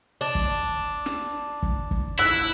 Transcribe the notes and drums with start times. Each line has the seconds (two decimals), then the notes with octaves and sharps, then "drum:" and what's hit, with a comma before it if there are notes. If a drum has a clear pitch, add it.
0.21 D4
0.35 drum: kick
1.06 drum: snare
1.63 drum: kick
1.91 drum: kick
2.19 E4 E6 F#6